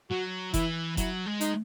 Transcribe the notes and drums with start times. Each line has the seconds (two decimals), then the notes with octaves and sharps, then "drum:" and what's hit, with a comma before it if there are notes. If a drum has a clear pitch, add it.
0.10 F#3 F#4
0.54 E3 E4, drum: kick F1, hi-hat
0.97 F#3 E4, drum: kick F1, hi-hat
1.26 G#3
1.41 D#4, drum: hi-hat